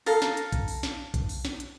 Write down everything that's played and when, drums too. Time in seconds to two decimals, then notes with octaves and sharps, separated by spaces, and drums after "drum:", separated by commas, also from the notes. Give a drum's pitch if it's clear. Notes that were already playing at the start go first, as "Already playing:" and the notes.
0.06 A4 F5 A#5, drum: open hi-hat
0.22 drum: snare
0.37 drum: hi-hat
0.52 drum: kick A#1, hi-hat
0.68 drum: open hi-hat
0.83 drum: snare
1.14 drum: kick A#1, hi-hat
1.29 drum: open hi-hat
1.45 drum: snare
1.60 drum: hi-hat